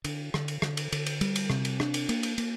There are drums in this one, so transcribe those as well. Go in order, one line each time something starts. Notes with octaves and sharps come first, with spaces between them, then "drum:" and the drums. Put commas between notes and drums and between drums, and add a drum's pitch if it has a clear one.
D3, drum: cymbal
D3, drum: rim click
drum: cymbal
D3, drum: rim click
drum: cymbal
D3, drum: cymbal
drum: cymbal
G3, drum: cymbal
drum: cymbal
C3, drum: rim click
drum: cymbal
D4, drum: rim click
drum: cymbal
A#3, drum: cymbal
drum: cymbal
A#3, drum: cymbal